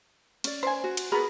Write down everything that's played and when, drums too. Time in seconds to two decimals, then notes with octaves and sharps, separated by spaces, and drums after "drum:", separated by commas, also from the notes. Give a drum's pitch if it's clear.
0.44 C#4 D5, drum: cymbal
0.63 C5 G#5
0.84 F#4
0.97 drum: cymbal
1.12 B3 F#4 G#4 A#4 B5